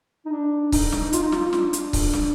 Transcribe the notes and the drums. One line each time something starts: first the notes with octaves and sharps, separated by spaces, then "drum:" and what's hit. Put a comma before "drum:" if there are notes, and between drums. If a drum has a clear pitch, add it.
D#4
D4
D#4, drum: kick C#1, open hi-hat
drum: snare
F4, drum: hi-hat
D#4
F4, drum: snare
D4, drum: snare
drum: hi-hat
drum: kick C#1, open hi-hat
drum: snare